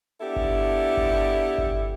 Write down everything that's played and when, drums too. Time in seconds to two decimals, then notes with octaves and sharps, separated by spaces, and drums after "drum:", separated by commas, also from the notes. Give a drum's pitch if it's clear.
0.21 B3 D4 E4 G4 A4
0.36 drum: kick G1
0.97 drum: kick G1
1.58 drum: kick G1